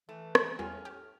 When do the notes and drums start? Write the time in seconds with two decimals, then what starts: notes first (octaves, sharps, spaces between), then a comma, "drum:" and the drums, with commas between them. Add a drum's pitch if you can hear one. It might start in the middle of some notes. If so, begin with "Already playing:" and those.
0.09 E3 A3
0.35 drum: rim click
0.59 E2 A2 G3 C#4 F4 G#4 G#5 F6
0.85 G4